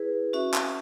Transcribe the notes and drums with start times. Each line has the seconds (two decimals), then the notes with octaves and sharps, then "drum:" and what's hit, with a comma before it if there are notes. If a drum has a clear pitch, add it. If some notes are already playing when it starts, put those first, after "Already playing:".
Already playing: E4 G#4 B4
0.33 C#4 F#4 E5
0.54 drum: clap